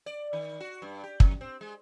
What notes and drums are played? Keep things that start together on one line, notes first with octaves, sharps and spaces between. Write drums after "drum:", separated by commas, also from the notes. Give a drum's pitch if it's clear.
D5
D#3
F#4
G2
G4
F2, drum: kick
C4
G#3